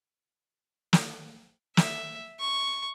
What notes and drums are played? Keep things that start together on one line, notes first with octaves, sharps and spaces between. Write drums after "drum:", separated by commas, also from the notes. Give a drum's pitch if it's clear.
drum: snare
E5, drum: snare
C#6